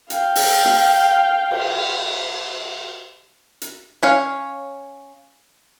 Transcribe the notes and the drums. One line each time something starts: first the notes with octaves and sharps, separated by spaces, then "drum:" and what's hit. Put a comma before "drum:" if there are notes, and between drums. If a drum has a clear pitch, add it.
F5 G5, drum: hi-hat
drum: open hi-hat
drum: snare
drum: cymbal
drum: hi-hat
C#4 C#5 F5